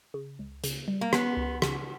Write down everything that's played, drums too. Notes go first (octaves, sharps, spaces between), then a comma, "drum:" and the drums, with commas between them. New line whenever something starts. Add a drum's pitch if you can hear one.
C#3
C#2
C#3, drum: hi-hat
G3
A#3
B3 C#4, drum: rim click
C#2
C#3, drum: rim click